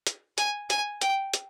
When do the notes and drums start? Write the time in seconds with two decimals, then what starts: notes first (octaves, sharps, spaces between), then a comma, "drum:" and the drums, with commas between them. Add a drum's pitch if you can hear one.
0.07 drum: hi-hat
0.38 G#5, drum: hi-hat
0.70 G#5, drum: hi-hat
1.01 G5, drum: hi-hat
1.34 drum: hi-hat